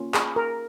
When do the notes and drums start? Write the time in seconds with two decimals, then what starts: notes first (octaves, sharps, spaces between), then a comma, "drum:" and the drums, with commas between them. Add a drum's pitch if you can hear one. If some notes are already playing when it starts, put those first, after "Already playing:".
Already playing: A#3 C#4 F4
0.14 G#4, drum: clap
0.36 A#4